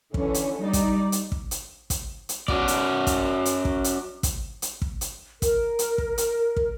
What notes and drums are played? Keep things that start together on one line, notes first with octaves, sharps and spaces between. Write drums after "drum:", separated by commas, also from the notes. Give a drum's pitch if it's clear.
D3 E3 C#4, drum: kick
drum: hi-hat
G3 D#4 D5
drum: kick, hi-hat
drum: hi-hat
drum: kick
drum: hi-hat
drum: kick, hi-hat
drum: hi-hat
C#4 F#4 D5, drum: kick
drum: hi-hat
drum: kick, hi-hat
drum: hi-hat
drum: kick
drum: hi-hat
drum: kick, hi-hat
drum: hi-hat
drum: kick
drum: hi-hat
A#4, drum: kick, hi-hat
drum: hi-hat
drum: kick
drum: hi-hat
drum: kick